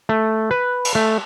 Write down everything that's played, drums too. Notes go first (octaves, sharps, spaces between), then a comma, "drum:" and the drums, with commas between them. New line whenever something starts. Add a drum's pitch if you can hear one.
A3
B4
drum: cymbal
A3